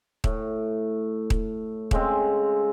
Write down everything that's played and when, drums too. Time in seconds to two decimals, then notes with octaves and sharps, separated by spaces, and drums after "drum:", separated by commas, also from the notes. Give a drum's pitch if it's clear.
0.24 A2, drum: kick D#1
1.30 drum: kick D#1
1.91 C#3 G#3 C4, drum: kick D#1